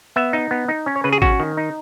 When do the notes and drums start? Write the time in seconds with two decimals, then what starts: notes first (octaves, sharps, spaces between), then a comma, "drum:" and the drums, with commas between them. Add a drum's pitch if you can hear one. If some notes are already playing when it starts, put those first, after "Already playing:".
0.16 B3 E5
0.33 D#4
0.51 B3
0.68 D#4
0.86 C#4
0.96 C#5
1.04 C#3 B4
1.13 G#4
1.22 C#4 F#4, drum: kick
1.40 D#3
1.57 D#4